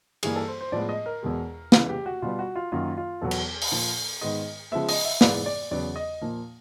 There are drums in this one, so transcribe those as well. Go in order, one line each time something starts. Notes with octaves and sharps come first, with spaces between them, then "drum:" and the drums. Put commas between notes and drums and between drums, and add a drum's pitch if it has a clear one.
G2 E3 G3 A#3 G#4, drum: cymbal
A4
C5
C5
A2 F3 G#3 B3 D5
D#5
A#4
E2 B2 G#3
C#3 E3 G#3 B3 B4, drum: snare
G4
F#4
B2 G3 B3 F4
F#4
F4
F#2 D#3 F#3 A#3 F4
F4
E2 B2 F#3 B3 A4
drum: cymbal
drum: open hi-hat
A#2 F3 A#3
G#2 D#3 G#3 B3 D#5
C#3 F3 G#3 B3 E5
D#5, drum: open hi-hat
E5
G#2 E3 G#3 B3 D5, drum: snare
D5
E2 C#3 F#3 B3 D5
D#5
A#2 F3 A#3